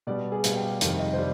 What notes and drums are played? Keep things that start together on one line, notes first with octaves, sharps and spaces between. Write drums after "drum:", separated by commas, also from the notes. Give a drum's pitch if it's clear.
B2 G3 D5
G#4
B2 G3 F5, drum: hi-hat
G5
F5
F2 C3 D#3 G3 F5, drum: hi-hat
D#5
C5
G3 D5